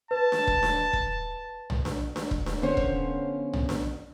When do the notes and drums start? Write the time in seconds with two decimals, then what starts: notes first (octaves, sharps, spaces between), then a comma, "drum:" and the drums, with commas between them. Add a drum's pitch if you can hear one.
0.11 B4 A5
0.32 drum: snare D4
0.47 drum: kick E1
0.63 drum: snare D4
0.93 drum: kick E1
1.70 drum: tom
1.85 drum: snare D4
2.16 drum: snare D4
2.31 drum: kick E1
2.46 drum: snare D4
2.62 D3 F3 B3 C#4 C5 C#5
2.77 drum: kick E1
3.53 drum: tom
3.69 drum: snare D4